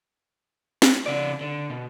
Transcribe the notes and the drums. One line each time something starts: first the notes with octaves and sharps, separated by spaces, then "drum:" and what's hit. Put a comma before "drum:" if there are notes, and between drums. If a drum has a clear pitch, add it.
drum: snare
C#3 D5
D3
B2